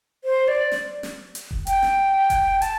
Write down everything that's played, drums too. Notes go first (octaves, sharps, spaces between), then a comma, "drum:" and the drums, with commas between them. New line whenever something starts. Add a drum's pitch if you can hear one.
C5
D5
drum: snare
drum: snare
drum: hi-hat
drum: kick F1
G5, drum: hi-hat
drum: snare
drum: kick F1, hi-hat
A5, drum: hi-hat